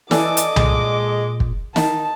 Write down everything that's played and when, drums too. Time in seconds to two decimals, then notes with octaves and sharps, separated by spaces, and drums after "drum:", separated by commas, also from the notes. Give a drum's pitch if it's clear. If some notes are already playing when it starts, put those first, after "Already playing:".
0.11 E3 A4 D5 D#5 G#5 D6, drum: snare
0.37 drum: hi-hat
0.56 A#2 G#3, drum: tom C2
1.40 drum: kick
1.76 D#3 D#4 A5, drum: snare